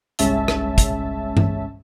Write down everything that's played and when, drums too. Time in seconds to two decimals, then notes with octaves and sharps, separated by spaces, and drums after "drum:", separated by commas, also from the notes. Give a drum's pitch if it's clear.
0.19 G1 C2 G#3 C#4 E5 A5, drum: hi-hat
0.48 drum: rim click
0.78 drum: kick, hi-hat
1.37 drum: tom G2